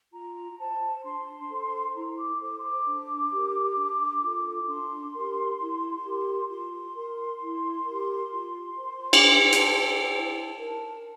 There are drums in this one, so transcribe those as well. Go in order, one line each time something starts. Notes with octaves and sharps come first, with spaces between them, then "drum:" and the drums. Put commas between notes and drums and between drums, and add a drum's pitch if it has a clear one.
F4 A#5
C5 A5
D4 C6
A4 C5
E4 A#5
D6
A4 C5 D6
C6
D6
D4
G4 A#4
D4
F4 A4
D4 C6
G4 A#4
E4
G4 A#4
F4 C6
A#4
E4
A#4
G4
F4
C5
D6, drum: cymbal
D4 C6
A5, drum: hi-hat
A4 C5
E4 A5
A#4